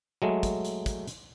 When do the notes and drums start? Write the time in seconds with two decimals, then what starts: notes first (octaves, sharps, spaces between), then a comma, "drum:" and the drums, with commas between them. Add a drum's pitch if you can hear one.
0.22 F#3 G#3 A3
0.43 drum: kick, hi-hat
0.65 drum: hi-hat
0.86 drum: kick, hi-hat
1.08 drum: hi-hat